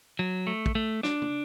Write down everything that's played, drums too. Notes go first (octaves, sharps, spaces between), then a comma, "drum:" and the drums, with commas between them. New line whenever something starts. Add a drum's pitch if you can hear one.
F#3
A3
drum: kick
A3
D4, drum: snare
drum: tom